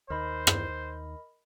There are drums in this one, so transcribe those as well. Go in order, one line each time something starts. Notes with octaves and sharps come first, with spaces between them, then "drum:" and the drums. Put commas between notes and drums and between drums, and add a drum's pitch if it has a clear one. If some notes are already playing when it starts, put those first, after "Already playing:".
D#2 D#3 A#4 C5 D#5 B5
drum: rim click